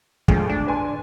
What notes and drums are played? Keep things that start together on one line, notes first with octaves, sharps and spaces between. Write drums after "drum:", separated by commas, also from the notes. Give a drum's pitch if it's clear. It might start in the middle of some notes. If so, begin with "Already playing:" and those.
D2 F3 G#3, drum: kick
D4
B4 G#5 C6